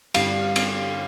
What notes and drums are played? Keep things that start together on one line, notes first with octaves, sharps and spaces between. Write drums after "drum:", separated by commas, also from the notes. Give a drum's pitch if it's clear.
G2 D3 G3 F5, drum: cymbal
drum: cymbal